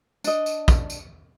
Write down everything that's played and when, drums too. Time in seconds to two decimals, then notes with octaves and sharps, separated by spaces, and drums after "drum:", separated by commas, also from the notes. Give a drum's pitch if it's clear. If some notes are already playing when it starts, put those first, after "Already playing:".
0.24 D4 D#5, drum: tambourine
0.46 drum: tambourine
0.68 drum: kick, tambourine
0.90 drum: tambourine